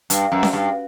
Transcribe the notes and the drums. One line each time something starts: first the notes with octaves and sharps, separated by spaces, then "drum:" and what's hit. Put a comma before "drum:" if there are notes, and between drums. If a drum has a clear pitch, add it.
G2, drum: hi-hat
F#2
drum: snare C#4
G2